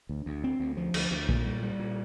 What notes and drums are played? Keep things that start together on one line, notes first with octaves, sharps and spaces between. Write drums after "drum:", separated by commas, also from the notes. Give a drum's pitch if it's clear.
D2
D2
C4
D2
F3
D2, drum: cymbal
D2
A#2, drum: kick
G3
G3
A#2